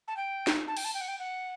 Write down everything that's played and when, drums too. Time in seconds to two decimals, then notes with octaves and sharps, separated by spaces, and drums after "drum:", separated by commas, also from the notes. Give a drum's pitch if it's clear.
0.07 A5
0.16 G5
0.47 drum: snare
0.67 A5
0.77 G5, drum: cymbal
0.84 A5
0.94 G5
1.01 F#5
1.08 G5
1.19 F#5